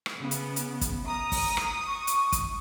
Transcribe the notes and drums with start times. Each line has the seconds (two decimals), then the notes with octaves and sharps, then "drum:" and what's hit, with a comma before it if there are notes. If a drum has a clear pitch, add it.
0.06 drum: rim click
0.18 C#3 B3
0.31 drum: hi-hat
0.56 drum: hi-hat
0.81 drum: kick, hi-hat
1.07 A#5 D#6
1.32 drum: kick, open hi-hat
1.57 drum: rim click
1.87 C#6
2.07 drum: hi-hat
2.32 drum: kick, hi-hat